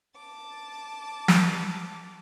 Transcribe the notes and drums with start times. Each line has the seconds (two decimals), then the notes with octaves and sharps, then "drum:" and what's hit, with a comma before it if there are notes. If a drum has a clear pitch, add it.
0.17 A5 D6
1.28 drum: snare